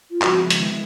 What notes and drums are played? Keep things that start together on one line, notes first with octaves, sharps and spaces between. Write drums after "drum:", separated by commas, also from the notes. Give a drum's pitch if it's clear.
F4
C#3 F3 G#3 C4 E4 F#4, drum: clap
D#3 G#3 B3 E4, drum: hi-hat